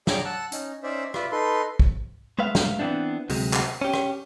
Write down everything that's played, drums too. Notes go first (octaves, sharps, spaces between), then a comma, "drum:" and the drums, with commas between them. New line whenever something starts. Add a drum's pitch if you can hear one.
G#4 C#5 D5 G5 A#5, drum: snare
F#5 A5 E6 F#6
C#4 D#4, drum: hi-hat
C#4 D#4 C5 D5 E5
F4 B4 D5 E5, drum: rim click
D#4 A4 B4 C6
drum: kick
G#3 A3 B4 E5 F5
drum: snare
E3 F#3 B3 C4 D4
D2 C3 F#3 G#3, drum: open hi-hat
drum: clap
C#4 G4
drum: rim click